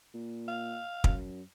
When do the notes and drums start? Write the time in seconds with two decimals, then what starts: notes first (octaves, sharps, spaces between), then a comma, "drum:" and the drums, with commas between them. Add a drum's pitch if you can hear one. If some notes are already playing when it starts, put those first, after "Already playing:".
0.14 A#2
0.48 F5
1.04 F#2, drum: kick